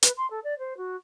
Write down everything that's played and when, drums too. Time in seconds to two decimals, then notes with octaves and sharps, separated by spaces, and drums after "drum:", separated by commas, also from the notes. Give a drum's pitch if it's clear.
0.03 B4, drum: hi-hat
0.17 C6
0.30 A4
0.44 D5
0.58 C5
0.77 F#4